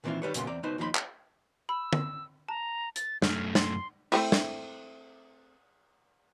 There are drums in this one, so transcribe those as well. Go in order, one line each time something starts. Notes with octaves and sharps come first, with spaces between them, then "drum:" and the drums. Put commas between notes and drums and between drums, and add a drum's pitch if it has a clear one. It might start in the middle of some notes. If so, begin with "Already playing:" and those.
A#2 D#3 E3 C4 E4 F4
D#3 G3 B4 C#5
F#2 A#2 C#3 B3 C6, drum: hi-hat
E2 C4 D5 A#5
C#2 B2 D#4 B4 C5 B5
D#2 F3 D#4 E4 B5 C6
drum: clap
B5 E6
drum: tom
A5 A#5
A6, drum: hi-hat
F#2 A3 F6, drum: snare
C6 A6 F#7, drum: snare
A3 C4 E4, drum: cymbal
drum: snare